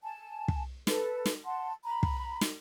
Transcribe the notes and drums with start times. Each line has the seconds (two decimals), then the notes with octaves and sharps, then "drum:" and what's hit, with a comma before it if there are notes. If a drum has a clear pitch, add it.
0.03 G#5 A5
0.48 drum: kick
0.87 A4 B4, drum: snare
1.26 drum: snare
1.44 F#5 A5 C6
1.85 A#5 B5
2.03 drum: kick
2.41 drum: snare